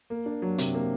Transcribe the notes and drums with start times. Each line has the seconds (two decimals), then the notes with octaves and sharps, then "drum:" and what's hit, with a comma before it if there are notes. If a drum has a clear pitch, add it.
0.10 A#3
0.26 D4
0.42 F#3
0.58 C3, drum: hi-hat
0.74 A#3